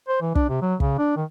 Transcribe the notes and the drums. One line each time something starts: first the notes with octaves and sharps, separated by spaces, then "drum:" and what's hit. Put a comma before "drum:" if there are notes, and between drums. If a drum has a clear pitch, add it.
C5
E3
D4, drum: kick
C3
F#3
C#3, drum: kick
D4
D#3